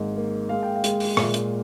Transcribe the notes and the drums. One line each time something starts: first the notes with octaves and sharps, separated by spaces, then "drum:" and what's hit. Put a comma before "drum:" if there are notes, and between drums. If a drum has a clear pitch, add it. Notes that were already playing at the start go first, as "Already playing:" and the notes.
Already playing: G#1 G#2 A#3
A#3
G#3 F5
G5
F5
G#3, drum: hi-hat
drum: open hi-hat
A#2, drum: rim click
drum: hi-hat